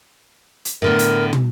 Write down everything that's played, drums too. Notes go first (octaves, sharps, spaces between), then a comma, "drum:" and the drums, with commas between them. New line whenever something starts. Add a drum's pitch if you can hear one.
drum: hi-hat
A2 D3 B3 A#4
drum: hi-hat
drum: tom